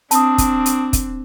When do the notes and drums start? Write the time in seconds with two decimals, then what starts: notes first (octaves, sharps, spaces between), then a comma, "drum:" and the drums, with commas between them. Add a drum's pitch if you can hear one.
0.11 C4 D4 A5 D#6, drum: hi-hat
0.38 drum: kick, hi-hat
0.66 drum: hi-hat
0.93 drum: kick, hi-hat